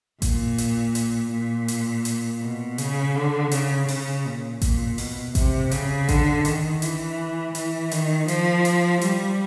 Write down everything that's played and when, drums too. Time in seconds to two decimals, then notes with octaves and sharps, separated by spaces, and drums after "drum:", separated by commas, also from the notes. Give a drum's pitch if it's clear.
0.22 A#2, drum: kick A1, hi-hat
0.58 drum: hi-hat
0.95 drum: hi-hat
1.32 A#2
1.68 drum: hi-hat
2.05 drum: hi-hat
2.42 B2
2.78 C#3, drum: hi-hat
3.16 D3
3.52 C#3, drum: hi-hat
3.88 C#3, drum: open hi-hat
4.25 A#2
4.62 A#2, drum: kick A1, hi-hat
4.98 B2, drum: open hi-hat
5.35 C3, drum: kick A1, hi-hat
5.71 C#3, drum: hi-hat
6.09 D3, drum: kick A1, hi-hat
6.45 D#3, drum: hi-hat
6.82 E3, drum: hi-hat
7.55 E3, drum: hi-hat
7.92 D#3, drum: hi-hat
8.28 F3, drum: hi-hat
8.65 drum: hi-hat
9.01 G3, drum: hi-hat